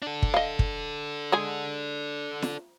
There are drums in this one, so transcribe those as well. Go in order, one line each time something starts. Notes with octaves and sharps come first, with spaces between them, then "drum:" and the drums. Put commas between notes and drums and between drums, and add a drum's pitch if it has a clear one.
D4 A4
drum: kick
D#5 F5
drum: kick
G#3 G#4 G#5
drum: snare